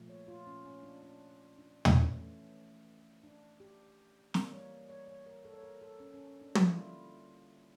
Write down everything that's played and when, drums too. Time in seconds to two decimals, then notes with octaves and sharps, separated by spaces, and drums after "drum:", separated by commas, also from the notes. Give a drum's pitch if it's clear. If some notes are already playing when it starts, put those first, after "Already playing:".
Already playing: A#2 F3 A3
0.09 C#5
0.28 F4
0.47 C#4
0.65 C#4
0.83 D4
1.02 D4
1.58 D4
1.85 C#4, drum: tom
2.13 E3 A3
3.23 D4
3.60 G4
4.34 E3 G3 A#3 A#4, drum: snare
4.53 C#5
4.89 C#5
5.07 C#5
5.26 A#4
5.45 A4
5.54 C#5
5.63 A#4
5.81 A4
6.00 C#4
6.14 C#4
6.27 C#4
6.41 D4
6.55 D3 G3 A#3 E4, drum: tom
6.66 F4
6.78 E4